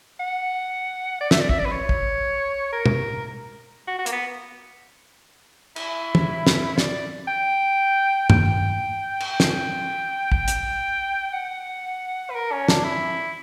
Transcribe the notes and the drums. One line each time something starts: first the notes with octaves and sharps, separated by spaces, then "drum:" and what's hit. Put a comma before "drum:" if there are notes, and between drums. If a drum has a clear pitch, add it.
F#5
D5
E5, drum: snare
D5
E5, drum: kick
D5
B4
C#5
drum: kick
A#4
drum: tom
F#4
F#4
A#3, drum: hi-hat
B3
E4, drum: cymbal
drum: tom
drum: snare
D5, drum: snare
G5
G5, drum: tom G2
drum: cymbal
G5
drum: snare
G5, drum: kick
drum: hi-hat
F#5
B4
A#4
C#4
D4, drum: snare
E4